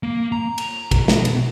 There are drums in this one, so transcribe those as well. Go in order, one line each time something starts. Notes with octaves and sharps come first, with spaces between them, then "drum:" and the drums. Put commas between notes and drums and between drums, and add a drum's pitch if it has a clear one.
A#3
A#5
drum: cymbal
B2, drum: kick, cymbal
drum: snare
drum: cymbal